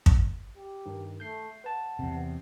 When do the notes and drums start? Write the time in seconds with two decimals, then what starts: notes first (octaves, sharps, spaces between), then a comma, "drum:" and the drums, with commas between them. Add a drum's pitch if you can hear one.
0.06 drum: kick
0.57 G4
0.86 G2 D#3
1.20 A3 G6 C7
1.64 B4 F#5 A5
1.99 E2 C3